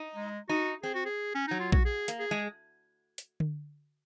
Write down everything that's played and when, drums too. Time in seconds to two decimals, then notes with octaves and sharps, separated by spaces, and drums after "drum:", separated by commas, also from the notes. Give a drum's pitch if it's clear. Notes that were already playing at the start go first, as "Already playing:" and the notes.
Already playing: D#4
0.15 G#3
0.49 D#4 F#4
0.83 C4 G#4
0.95 F#4
1.05 G#4
1.35 C#4
1.48 F#3 D#4
1.60 F4
1.72 F#4, drum: kick A#1
1.85 G#4
2.08 A#3, drum: hi-hat
2.19 G#4
2.31 G#3
3.18 drum: hi-hat
3.40 drum: tom D3